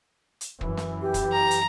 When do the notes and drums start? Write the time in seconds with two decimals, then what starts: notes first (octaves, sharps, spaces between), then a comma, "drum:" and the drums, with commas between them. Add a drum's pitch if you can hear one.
0.41 drum: hi-hat
0.61 F#2 E3, drum: kick
0.77 drum: snare
1.01 G4
1.14 drum: kick, hi-hat
1.32 A#5
1.51 drum: hi-hat